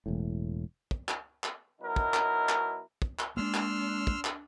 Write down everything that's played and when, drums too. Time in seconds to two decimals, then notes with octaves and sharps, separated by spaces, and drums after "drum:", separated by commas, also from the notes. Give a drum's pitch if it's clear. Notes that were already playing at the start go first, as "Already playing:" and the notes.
0.06 E1 A2
0.91 drum: kick
1.09 drum: clap
1.44 drum: clap
1.81 B2 F#3 D#4 E4 A#4
1.96 drum: kick
2.14 drum: clap
2.49 drum: clap
3.02 drum: kick
3.19 drum: clap
3.37 G#3 A#3 D4 C6 E6 F6
3.54 drum: clap
4.07 drum: kick
4.25 drum: clap